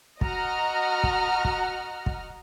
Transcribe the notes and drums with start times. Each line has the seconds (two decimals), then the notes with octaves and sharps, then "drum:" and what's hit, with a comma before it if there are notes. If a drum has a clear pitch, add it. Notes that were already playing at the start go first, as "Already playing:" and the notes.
0.21 F#4 D#5 F#5 A#5 F6, drum: kick
1.04 drum: kick
1.45 drum: kick
2.06 drum: kick